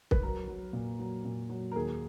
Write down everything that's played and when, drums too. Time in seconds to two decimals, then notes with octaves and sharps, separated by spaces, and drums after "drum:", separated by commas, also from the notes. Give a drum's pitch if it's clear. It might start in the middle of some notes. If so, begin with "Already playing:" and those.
0.11 B4, drum: kick
0.23 F#3 A#4
0.48 F#3
0.73 A#2
0.99 F#3
1.24 A#2
1.50 F#3
1.71 A#4
1.75 D#2 G#4